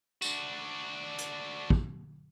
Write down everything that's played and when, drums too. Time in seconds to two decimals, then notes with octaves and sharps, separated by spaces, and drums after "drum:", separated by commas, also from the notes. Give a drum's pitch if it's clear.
0.22 D4 F#4, drum: tambourine
1.18 drum: hi-hat
1.70 drum: kick